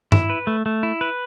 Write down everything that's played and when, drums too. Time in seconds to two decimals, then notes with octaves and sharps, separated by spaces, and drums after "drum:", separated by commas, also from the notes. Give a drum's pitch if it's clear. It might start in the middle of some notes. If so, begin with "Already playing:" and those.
0.12 E4, drum: tom G2
0.30 B4
0.47 A3
0.66 A3
0.83 E4
1.01 B4